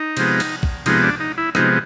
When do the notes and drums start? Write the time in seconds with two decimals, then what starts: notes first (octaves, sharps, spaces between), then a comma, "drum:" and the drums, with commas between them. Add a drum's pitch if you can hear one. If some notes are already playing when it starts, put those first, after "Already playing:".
Already playing: D#4
0.17 C3 F3 G#3 B3, drum: cymbal
0.40 drum: cymbal
0.63 drum: kick A#1
0.86 C3 F3 G#3 B3 D#4, drum: cymbal
1.03 D4
1.20 D#4
1.38 E4
1.55 C3 F3 G#3 B3 D#4, drum: rim click